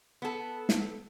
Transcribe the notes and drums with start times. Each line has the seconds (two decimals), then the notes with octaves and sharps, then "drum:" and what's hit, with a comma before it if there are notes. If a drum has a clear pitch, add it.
0.22 B3 A4
0.69 drum: snare